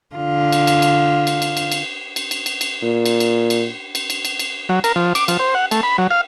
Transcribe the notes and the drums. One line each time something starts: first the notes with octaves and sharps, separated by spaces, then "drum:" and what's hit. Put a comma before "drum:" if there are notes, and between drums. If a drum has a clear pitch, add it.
D3 F4
drum: cymbal
drum: cymbal
drum: cymbal
drum: cymbal
drum: cymbal
drum: cymbal
drum: cymbal
drum: cymbal
drum: cymbal
drum: cymbal
drum: cymbal
A#2
drum: cymbal
drum: cymbal
drum: cymbal
drum: cymbal
drum: cymbal
drum: cymbal
drum: cymbal
F#3
A#4, drum: cymbal
F3
D6, drum: cymbal
F3, drum: cymbal
C5
F#5
A3, drum: cymbal
B5
F#3
F5